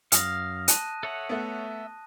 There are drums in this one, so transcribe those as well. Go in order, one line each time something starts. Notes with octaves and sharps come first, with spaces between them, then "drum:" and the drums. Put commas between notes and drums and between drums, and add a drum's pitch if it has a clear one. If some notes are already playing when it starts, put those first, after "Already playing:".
F#2 F5 D#6 A#6, drum: hi-hat
A5 F#6 D#7, drum: hi-hat
A4 C#5 E5 F#5
A3 B3